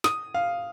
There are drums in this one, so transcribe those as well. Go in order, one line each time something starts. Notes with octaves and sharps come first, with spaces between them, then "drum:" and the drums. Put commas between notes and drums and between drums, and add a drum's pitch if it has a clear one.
D#6, drum: snare
F5